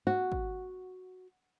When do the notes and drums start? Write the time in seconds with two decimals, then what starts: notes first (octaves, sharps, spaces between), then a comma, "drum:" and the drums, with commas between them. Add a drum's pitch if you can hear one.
0.07 F#4
0.32 drum: kick